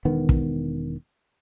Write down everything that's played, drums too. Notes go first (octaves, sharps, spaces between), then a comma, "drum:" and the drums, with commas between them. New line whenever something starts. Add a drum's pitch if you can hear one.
E1 D#3 B3
drum: kick